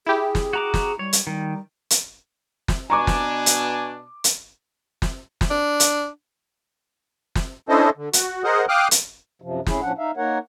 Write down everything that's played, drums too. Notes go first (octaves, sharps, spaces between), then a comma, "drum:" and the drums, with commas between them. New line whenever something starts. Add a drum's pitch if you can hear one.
E4 G4 G#4
drum: snare
F#4 A#5 D6
drum: snare
G3 C#5
drum: hi-hat
D#3 G3
drum: hi-hat
drum: snare
B2 D4 G#5 A#5 C#6 D6
drum: snare
drum: hi-hat
drum: hi-hat
drum: snare
drum: snare
D4
drum: hi-hat
drum: snare
C#4 D4 E4 A4 C5 D#5
D3
F#4, drum: hi-hat
G#4 A#4 C5 D#5 F#5
F5 G5 D6 D#6 F6 F#6
drum: hi-hat
F#2 C3 F3
A2 C#4 E4 G#4, drum: snare
A2 F3 C#4 D4 F#5
D#4 E5 F5
A#3 D#4 A#4 C#5 F#5